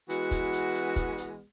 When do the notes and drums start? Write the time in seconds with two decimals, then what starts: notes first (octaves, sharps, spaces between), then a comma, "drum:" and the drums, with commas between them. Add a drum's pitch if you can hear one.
0.10 E3 G#3 B3 F#4, drum: hi-hat
0.31 drum: kick, hi-hat
0.53 drum: hi-hat
0.75 drum: hi-hat
0.96 drum: kick, hi-hat
1.18 drum: hi-hat